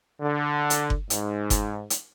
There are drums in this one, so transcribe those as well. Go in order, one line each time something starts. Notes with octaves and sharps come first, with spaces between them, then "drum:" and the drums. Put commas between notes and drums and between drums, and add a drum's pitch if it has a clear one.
D3
drum: hi-hat
drum: kick F#1
G#2, drum: hi-hat
drum: kick F#1, hi-hat
drum: hi-hat